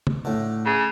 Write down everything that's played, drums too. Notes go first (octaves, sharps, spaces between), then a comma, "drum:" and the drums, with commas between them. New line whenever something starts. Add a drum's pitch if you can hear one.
drum: tom
A2 D3
C#3